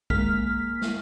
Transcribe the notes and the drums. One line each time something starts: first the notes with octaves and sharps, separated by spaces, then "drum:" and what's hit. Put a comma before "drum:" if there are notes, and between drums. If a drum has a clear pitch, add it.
G#3 A#3 F6 B6, drum: kick
drum: snare